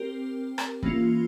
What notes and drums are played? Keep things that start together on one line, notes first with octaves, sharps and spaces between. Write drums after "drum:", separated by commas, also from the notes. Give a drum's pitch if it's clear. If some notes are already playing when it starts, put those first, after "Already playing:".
Already playing: C4 G4 A#4
drum: rim click
E3 A#3 C#4 F4, drum: kick